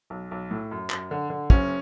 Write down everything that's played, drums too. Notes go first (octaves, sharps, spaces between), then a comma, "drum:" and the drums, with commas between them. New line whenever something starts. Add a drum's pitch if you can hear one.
B1
B1
A2
F#2
F#2, drum: clap
D3
D3
F#1 C#4, drum: kick